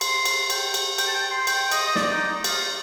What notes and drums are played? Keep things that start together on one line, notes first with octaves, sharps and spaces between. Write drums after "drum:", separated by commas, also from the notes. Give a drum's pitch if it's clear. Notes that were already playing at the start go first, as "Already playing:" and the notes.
C6, drum: cymbal
drum: cymbal
G5, drum: cymbal
drum: cymbal
G5, drum: cymbal
A5
G5
C6
G5, drum: cymbal
D#5, drum: cymbal
D#5
D5, drum: snare
D#4
D#4
F4, drum: cymbal